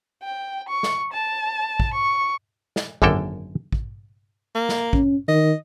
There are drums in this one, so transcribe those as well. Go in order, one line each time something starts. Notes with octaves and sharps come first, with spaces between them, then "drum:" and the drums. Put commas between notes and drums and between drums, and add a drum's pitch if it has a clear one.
G5
C#6
drum: snare
A5
drum: kick
C#6
drum: snare
G#1 F#2 D3 A#3 A4 G5, drum: kick
drum: kick
A#3
drum: snare
C#4, drum: kick
D#3 D#5